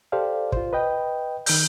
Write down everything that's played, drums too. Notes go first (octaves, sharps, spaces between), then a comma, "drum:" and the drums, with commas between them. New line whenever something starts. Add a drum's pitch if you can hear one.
G4 A4 C5 D5 F5
F4 C5, drum: kick
B4 D#5 G5
D#3 G6, drum: open hi-hat